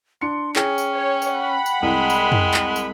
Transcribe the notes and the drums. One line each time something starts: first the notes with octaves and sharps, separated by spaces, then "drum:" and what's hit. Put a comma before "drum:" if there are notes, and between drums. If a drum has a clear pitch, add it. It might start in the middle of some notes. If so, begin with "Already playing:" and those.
D4 C6 C#7
C#4 G#4 G5, drum: clap
drum: tambourine
C#5
drum: tambourine
F#5 B5
drum: tambourine
C2 G#3
drum: tambourine
drum: tom
drum: clap
drum: tambourine